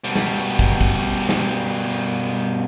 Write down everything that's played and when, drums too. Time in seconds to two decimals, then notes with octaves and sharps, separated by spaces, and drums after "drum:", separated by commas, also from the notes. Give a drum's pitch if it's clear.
0.04 B2 G3
0.15 drum: snare
0.59 drum: kick
0.81 drum: kick
1.29 drum: snare